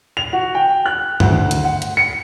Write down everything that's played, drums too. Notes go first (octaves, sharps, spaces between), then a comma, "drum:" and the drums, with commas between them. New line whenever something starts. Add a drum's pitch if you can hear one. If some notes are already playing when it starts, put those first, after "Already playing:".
F7
F#4
G5
F#6
D2, drum: tom G2
drum: hi-hat
F#5
drum: hi-hat
C#7